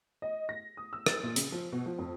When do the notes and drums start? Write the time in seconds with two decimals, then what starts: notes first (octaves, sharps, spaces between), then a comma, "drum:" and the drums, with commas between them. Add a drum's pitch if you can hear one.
0.22 D#5
0.49 A#6
0.77 D#6
0.93 E6
1.06 A6, drum: rim click
1.23 A#2
1.36 C#3, drum: hi-hat
1.52 F3
1.72 B2
1.86 F3
1.99 F2